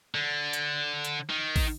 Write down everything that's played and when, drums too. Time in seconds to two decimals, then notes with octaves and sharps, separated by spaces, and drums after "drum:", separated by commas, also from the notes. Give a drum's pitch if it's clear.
0.14 D3
0.53 drum: hi-hat
1.05 drum: hi-hat
1.30 D#3
1.56 drum: kick, open hi-hat